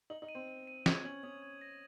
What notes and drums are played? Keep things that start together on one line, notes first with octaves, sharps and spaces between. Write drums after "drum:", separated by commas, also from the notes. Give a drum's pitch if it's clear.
D#4 F#7
D#4
D#7
C4
D#7
D#7
C4 G#6, drum: snare
C#4 F#7
C#4 D#6
G#6
A#6